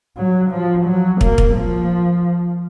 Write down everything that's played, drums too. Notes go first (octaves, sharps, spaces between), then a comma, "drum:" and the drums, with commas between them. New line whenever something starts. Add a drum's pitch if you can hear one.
F#3
F3
F#3
A#3, drum: kick
drum: kick
F3